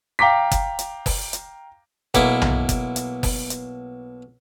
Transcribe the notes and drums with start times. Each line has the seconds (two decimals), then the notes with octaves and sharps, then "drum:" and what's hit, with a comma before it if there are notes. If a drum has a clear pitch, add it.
0.19 F5 G5 A#5 D6 B6
0.51 drum: kick F#1, hi-hat
0.79 drum: hi-hat
1.06 drum: kick F#1, open hi-hat
1.33 drum: hi-hat
2.14 B1 B2 A#3 E4 D6, drum: kick F#1, hi-hat
2.42 drum: tom B1
2.69 drum: kick F#1, hi-hat
2.96 drum: hi-hat
3.23 drum: kick F#1, open hi-hat
3.50 drum: hi-hat